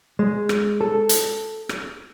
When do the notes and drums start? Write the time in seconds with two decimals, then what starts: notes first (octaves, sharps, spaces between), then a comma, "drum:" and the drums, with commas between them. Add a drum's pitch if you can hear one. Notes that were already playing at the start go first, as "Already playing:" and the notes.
0.19 G#3
0.49 drum: rim click
0.81 A4
1.09 drum: hi-hat
1.69 drum: rim click